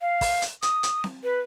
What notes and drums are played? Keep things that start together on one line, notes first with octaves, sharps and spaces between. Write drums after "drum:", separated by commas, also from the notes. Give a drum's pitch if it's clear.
F5
drum: kick, open hi-hat
drum: hi-hat
D#6, drum: hi-hat
drum: hi-hat
drum: snare C4
B4